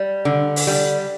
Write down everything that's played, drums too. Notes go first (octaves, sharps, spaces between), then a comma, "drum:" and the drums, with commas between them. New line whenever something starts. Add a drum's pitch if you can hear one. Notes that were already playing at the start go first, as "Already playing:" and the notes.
Already playing: G3
D3
drum: open hi-hat
G3